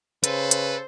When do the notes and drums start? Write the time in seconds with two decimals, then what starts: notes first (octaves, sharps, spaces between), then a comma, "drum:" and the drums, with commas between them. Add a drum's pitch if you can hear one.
0.24 C#3 A4 B4 C5, drum: hi-hat
0.51 drum: hi-hat